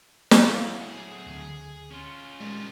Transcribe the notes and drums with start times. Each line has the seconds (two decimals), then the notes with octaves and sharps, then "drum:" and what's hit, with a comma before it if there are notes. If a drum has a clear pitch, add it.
0.31 drum: snare
0.42 F#3 A3 B3 E4 F5
0.80 G#4
1.26 D2 D3
1.90 C#4 F4
2.40 D#3 G3 G#3